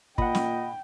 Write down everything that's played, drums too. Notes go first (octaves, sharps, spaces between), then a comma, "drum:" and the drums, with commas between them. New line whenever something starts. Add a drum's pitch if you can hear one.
A#2 D#5 F#5 G5 B5, drum: kick
drum: snare